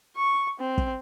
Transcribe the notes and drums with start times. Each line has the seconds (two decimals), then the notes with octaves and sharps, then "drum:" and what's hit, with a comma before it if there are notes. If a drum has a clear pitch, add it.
0.16 C#6
0.60 C4
0.78 drum: kick